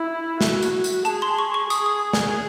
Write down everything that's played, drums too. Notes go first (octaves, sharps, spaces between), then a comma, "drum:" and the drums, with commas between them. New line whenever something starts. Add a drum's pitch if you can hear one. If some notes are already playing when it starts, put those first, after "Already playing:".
Already playing: E4
F#4, drum: snare
drum: tambourine
drum: tambourine
G#4 A5, drum: tambourine
C6
C#6
C#6
G#4 D#6, drum: tambourine
D#6
drum: snare